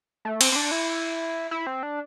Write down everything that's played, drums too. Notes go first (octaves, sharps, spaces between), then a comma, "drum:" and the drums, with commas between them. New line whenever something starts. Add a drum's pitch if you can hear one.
A3
C4, drum: cymbal
C4
D4
E4
E4
C4
D4